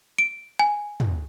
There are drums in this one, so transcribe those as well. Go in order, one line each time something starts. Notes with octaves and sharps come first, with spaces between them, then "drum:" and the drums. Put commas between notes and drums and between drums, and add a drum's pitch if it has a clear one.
D7
G#5
drum: tom